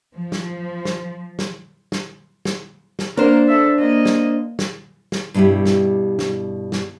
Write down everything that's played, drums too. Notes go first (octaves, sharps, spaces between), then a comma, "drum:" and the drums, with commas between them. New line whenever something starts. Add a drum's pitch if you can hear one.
F3
drum: snare
drum: snare
drum: snare
drum: snare
drum: snare
drum: snare
A#3 D4 A#4 C5
A4 E5
A#3 D#5
drum: snare
drum: snare
drum: snare
G2 B2 G3 E4 G4
drum: snare
drum: snare
drum: snare